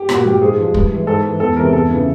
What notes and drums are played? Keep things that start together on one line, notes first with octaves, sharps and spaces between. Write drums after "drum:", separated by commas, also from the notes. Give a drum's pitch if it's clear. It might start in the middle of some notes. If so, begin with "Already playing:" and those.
Already playing: G4
A#2, drum: rim click
F#4
F#3 G4
G#2 G#4
F3 G#3
G2, drum: kick
E3 G#3
G#2 A4
E3 G#3
E2 A4
C3 E3 G#3 A#4
E2 A4
C#3 E3